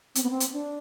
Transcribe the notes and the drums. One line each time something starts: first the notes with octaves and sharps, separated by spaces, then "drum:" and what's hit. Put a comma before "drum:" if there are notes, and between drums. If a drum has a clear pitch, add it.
C4, drum: hi-hat
B3
C4
drum: hi-hat
D4